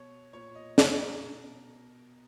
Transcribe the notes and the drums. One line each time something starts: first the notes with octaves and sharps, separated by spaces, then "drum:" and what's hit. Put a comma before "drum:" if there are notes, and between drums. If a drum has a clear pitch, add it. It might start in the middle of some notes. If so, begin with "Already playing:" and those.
Already playing: B2 C#5
A#2 C#5
D#5
D#5, drum: snare
A#4
B2